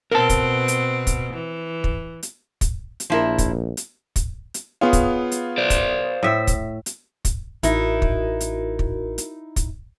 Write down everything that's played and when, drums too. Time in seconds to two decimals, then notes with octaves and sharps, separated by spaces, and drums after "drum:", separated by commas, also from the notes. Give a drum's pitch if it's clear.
0.12 B2 C4 A#4 A5
0.29 drum: kick, hi-hat
0.68 drum: hi-hat
1.07 drum: kick, hi-hat
1.33 E3
1.84 drum: kick
2.23 drum: hi-hat
2.61 drum: kick, hi-hat
3.00 drum: hi-hat
3.10 A#1 F3 E4 A#4
3.38 drum: kick, hi-hat
3.77 drum: hi-hat
4.16 drum: kick, hi-hat
4.54 drum: hi-hat
4.81 B3 F4 G#4 C#5
4.93 drum: kick, hi-hat
5.32 drum: hi-hat
5.58 C5 D5
5.70 drum: kick, hi-hat
6.23 A2 E5
6.47 drum: kick, hi-hat
6.86 drum: hi-hat
7.25 drum: kick, hi-hat
7.63 A1 D#4 E4 F#4 A#4, drum: hi-hat
8.02 drum: kick
8.41 drum: hi-hat
8.79 drum: kick
9.18 drum: hi-hat
9.56 drum: kick, hi-hat